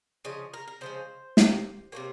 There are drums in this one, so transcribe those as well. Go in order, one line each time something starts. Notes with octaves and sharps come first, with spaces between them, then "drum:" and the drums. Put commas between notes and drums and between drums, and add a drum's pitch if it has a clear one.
C#3 F3 D#5
A#4
A#4
C#3 F3 G#3 C5
C3 D#3 A#3, drum: snare
C3 D#3 A#3 C#5